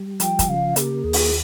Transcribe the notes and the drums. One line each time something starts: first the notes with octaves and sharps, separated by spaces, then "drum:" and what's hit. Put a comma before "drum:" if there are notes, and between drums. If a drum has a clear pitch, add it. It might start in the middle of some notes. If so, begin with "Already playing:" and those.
Already playing: G3
F3 G5, drum: hi-hat
drum: kick, hi-hat
C#3 F5
A#3 G4 G#4, drum: hi-hat
D#2 G#4
drum: open hi-hat